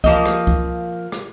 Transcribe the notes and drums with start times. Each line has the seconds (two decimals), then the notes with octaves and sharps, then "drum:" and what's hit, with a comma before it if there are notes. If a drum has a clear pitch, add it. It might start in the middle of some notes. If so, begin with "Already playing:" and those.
0.04 F3 A#3 D#5, drum: kick C2
0.26 drum: rim click
0.47 drum: kick C2
1.12 drum: rim click